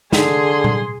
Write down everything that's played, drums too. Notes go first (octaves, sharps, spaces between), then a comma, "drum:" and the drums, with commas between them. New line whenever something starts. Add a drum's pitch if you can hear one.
D3 G#4 C6, drum: snare
drum: tom A#2